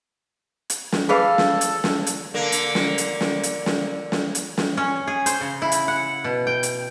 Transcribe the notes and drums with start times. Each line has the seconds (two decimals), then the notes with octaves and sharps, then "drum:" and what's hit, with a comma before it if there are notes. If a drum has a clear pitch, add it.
0.70 drum: hi-hat
0.92 drum: snare
1.09 G#4 A4 B4 D5 F5
1.38 drum: snare
1.61 drum: hi-hat
1.84 drum: snare
2.07 drum: hi-hat
2.34 D3 A#3
2.52 drum: hi-hat
2.75 drum: snare
2.98 drum: hi-hat
3.21 drum: snare
3.43 drum: hi-hat
3.66 drum: snare
4.12 drum: snare
4.35 drum: hi-hat
4.58 drum: snare
4.77 C#4
5.07 G#4
5.26 C5, drum: hi-hat
5.41 C#3
5.62 E4
5.72 drum: hi-hat
5.88 F#5
6.24 B2
6.47 G5
6.63 drum: hi-hat